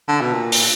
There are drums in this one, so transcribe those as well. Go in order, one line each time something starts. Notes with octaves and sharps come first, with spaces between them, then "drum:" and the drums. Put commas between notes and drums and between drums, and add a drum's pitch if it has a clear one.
D3
B2
A#2
drum: open hi-hat